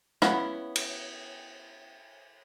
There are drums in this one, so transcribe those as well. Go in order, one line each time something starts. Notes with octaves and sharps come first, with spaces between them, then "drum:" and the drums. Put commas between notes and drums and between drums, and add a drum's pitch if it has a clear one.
B3 C#4 E4 F5 F#5, drum: rim click
drum: cymbal